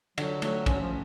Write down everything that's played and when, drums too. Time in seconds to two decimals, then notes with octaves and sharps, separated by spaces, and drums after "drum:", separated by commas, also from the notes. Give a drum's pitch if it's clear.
0.18 D3 F#3, drum: cymbal
0.42 F#3 A3, drum: cymbal
0.66 F3 C#4, drum: kick, cymbal
0.74 F#3
0.81 F3